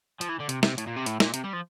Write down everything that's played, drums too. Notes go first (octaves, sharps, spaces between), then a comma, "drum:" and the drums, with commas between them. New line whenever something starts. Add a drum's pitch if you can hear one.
F3, drum: hi-hat
E3
D3
C3, drum: hi-hat
C3, drum: snare
A2, drum: hi-hat
A#2
C3
A2, drum: hi-hat
A#2, drum: snare
C3, drum: hi-hat
G3
F3